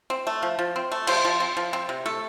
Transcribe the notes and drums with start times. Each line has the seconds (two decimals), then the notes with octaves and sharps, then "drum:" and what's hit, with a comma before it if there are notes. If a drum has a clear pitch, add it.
0.10 C4
0.27 A3
0.42 F3
0.59 F3
0.76 C4
0.92 A3
1.07 F3 C5, drum: cymbal
1.25 F3
1.40 C4
1.57 F3
1.73 C4
1.89 C3
2.06 A3 A4